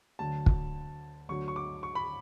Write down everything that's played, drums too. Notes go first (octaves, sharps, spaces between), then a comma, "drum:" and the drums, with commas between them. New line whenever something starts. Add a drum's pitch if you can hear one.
D2 D3 F#3 A5
drum: kick
D2 D3 F#3 C#6
C#6
D6
C#6
B5